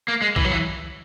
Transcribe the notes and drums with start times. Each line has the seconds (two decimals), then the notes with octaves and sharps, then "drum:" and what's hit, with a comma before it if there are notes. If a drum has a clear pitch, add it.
0.08 A#3
0.22 G#3
0.36 E3, drum: kick
0.45 F#3
0.51 E3